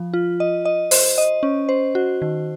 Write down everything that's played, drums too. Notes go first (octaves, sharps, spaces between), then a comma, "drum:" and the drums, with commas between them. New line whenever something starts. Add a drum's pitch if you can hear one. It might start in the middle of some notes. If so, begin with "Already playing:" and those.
Already playing: F3
F4
D#5
D#5
C5, drum: open hi-hat
D#5
C#4
C5
F#4
D#3